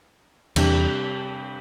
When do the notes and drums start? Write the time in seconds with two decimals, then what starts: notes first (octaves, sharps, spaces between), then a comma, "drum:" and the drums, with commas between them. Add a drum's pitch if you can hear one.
0.56 E2 C3 G3 D4 G4, drum: cymbal